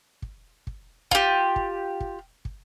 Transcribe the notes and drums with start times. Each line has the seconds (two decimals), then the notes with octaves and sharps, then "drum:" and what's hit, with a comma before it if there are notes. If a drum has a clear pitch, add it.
0.22 drum: kick
0.67 drum: kick
1.11 F4 G4, drum: kick
1.56 drum: kick
2.00 drum: kick
2.45 drum: kick